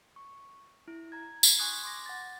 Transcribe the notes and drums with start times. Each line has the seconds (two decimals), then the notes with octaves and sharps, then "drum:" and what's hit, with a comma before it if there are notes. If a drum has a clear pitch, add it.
0.16 C#6
0.88 E4
1.12 A#5 G#6
1.43 drum: tambourine
1.59 G#5 C6 C#6 D#6 F#6 G#6
1.84 C6 D6 A#6
2.06 F#5 A6